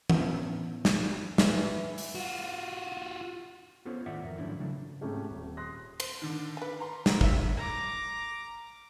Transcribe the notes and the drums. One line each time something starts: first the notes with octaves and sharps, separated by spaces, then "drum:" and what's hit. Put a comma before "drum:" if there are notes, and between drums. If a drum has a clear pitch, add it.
A2 E3 B3 C#4 E4, drum: tom E3
drum: snare
E3, drum: snare
drum: open hi-hat
F4 F#4
B3 C#4 F4 A4 C5 C#5
A2 D#3 D5 E5 F#5
F2 D#3 A#4
G#2 F3 F#3 C#4 D4 E4
C#3 E3 F#3 A3 D4
G#2 C3 A3 C#4 G4
D#1
C6 D#6 F#6 A#6
C5, drum: cymbal
D3 D#3
B4 G#5
A#5 C6
drum: snare
C#5 E5, drum: kick
A#5 D6